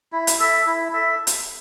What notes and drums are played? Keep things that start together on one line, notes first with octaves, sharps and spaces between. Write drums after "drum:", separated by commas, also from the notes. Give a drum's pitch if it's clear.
E4
drum: hi-hat
A4 E5
E4
A4 E5
drum: hi-hat